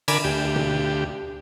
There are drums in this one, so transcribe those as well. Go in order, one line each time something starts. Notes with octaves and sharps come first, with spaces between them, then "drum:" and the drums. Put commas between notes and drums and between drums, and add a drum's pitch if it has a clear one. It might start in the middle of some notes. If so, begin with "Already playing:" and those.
D3 A#4 G#5 B5 D6, drum: cymbal
D2 G4
drum: tom B2